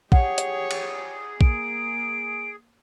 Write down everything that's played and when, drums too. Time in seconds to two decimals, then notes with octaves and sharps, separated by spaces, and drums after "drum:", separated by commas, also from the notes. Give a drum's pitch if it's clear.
0.12 G4 G#4 C#5 F#5, drum: kick A#1
0.38 drum: hi-hat
0.71 drum: cymbal
1.41 A#3 D7, drum: kick A#1